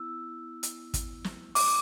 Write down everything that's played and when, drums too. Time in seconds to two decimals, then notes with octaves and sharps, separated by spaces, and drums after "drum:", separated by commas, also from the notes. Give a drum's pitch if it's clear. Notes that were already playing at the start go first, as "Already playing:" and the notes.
Already playing: B3 E4 E6
0.63 drum: hi-hat
0.94 drum: kick, hi-hat
1.24 drum: snare
1.55 D6, drum: open hi-hat